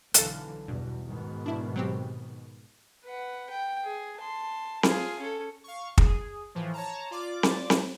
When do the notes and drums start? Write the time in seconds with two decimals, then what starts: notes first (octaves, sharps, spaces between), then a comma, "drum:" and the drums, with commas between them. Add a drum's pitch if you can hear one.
0.14 B1 D3 E3 A4 F5, drum: hi-hat
0.68 E2 G2 B2
1.06 G#2 B2 D#3
1.46 D4 E4
1.76 F#3 C4 G4
3.05 B4 F#5
3.50 G5
3.85 G#4
4.17 A5 C6
4.83 F4 G#4, drum: snare C4
5.19 C#4 A4
5.64 F5 C#6
5.98 G#4, drum: kick
6.55 A2 E3 F3
6.73 C#5 A5 A#5
7.11 F4 D5 D6
7.43 drum: snare C4
7.70 drum: snare C4